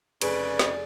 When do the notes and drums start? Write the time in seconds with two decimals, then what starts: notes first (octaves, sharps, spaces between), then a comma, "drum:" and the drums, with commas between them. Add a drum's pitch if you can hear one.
0.21 F1 C#3 G#4 B4 D5 D7, drum: cymbal
0.59 drum: snare